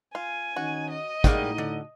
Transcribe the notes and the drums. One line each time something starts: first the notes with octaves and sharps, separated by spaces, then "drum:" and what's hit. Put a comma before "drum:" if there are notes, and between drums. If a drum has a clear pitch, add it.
F4 G#5
D#3 C#4 D#4 F#4
D#5
A2 G3 G#3 A#3 D#4 F#4 G5, drum: kick, hi-hat
D3